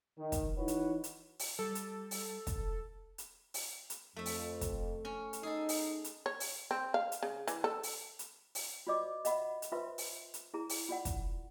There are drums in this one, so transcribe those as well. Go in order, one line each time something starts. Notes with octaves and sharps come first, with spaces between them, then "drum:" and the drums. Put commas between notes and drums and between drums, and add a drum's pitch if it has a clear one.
D#3
drum: kick, hi-hat
E3 D#4 E4 F#4 B4 C#5
drum: hi-hat
drum: hi-hat
drum: open hi-hat
G3 A4
drum: hi-hat
drum: open hi-hat
drum: kick, hi-hat
drum: hi-hat
drum: open hi-hat
drum: hi-hat
F2 A3 E5
drum: open hi-hat
drum: kick, hi-hat
C#4
drum: hi-hat
D#4 G#4 A4 D#5
drum: open hi-hat
drum: hi-hat
C#5
drum: open hi-hat
C4
F5
drum: hi-hat
C#3
E3, drum: hi-hat
A4
drum: open hi-hat
drum: hi-hat
drum: open hi-hat
F4 F#4 C5 D5 D#5 D6
D#5 E5 F#5 B5, drum: hi-hat
drum: hi-hat
F4 B4 C5 E5 C6
drum: open hi-hat
drum: hi-hat
E4 G#4 A#5
drum: open hi-hat
F4 D5 F#5
drum: kick, hi-hat